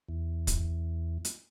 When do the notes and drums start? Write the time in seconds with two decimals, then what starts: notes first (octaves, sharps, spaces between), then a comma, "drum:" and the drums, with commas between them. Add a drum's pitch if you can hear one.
0.09 E2
0.47 drum: kick, hi-hat
1.25 drum: hi-hat